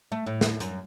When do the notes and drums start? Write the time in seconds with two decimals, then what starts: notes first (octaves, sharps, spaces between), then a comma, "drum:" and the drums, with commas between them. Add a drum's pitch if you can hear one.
0.12 A3
0.26 A2
0.41 drum: snare
0.60 F#2, drum: hi-hat